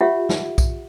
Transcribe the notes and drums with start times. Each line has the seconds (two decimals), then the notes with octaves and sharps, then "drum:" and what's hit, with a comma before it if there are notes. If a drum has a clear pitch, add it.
0.01 F4 G4 C#5 E5 F#5
0.29 drum: snare
0.58 drum: kick B1, tambourine